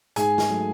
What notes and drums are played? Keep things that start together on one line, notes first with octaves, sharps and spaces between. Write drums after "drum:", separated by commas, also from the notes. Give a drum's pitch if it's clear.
G#2 G#4 G#5, drum: hi-hat
drum: snare
F#3 A3